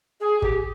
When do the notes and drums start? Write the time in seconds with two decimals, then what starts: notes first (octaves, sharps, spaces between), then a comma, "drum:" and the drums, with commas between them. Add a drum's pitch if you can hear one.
0.20 G#4
0.38 G#4
0.42 G4, drum: kick